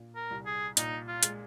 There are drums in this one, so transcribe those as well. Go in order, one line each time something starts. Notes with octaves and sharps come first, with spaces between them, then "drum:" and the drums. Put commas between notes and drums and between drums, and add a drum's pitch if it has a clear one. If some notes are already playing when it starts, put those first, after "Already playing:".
Already playing: A#2
A#4
C2
G#4
A#2 D#4, drum: hi-hat
F4
G#3, drum: hi-hat